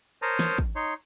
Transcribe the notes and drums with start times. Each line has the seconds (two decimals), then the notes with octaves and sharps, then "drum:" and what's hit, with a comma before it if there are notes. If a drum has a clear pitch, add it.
0.22 A#4 C5 C#5 A5 A#5 D#6
0.39 drum: snare
0.58 drum: kick
0.76 D#4 C#5 C6